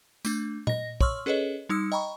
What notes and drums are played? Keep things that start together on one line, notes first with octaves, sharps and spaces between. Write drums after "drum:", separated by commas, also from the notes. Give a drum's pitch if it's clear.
A3 D4, drum: tambourine
D#5 A#6, drum: tom A#2
C#5 C6 C#6 E6 F6, drum: kick
C#4 G#4 A4 B4 C#5 D#5
G3 D#4 D#6 E6 C#7
D#5 G5 A#5 B5 C#6